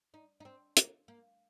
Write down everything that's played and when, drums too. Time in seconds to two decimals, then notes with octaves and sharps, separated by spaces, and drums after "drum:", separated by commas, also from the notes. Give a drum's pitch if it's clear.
0.14 D#4
0.40 D#4
0.45 C4
0.77 A#3, drum: hi-hat
1.08 A#3